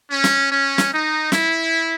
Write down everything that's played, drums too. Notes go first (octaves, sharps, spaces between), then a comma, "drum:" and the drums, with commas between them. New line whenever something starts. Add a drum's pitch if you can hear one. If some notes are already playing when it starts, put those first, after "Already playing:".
C#4
drum: snare
C#4
drum: snare
D#4
E4, drum: snare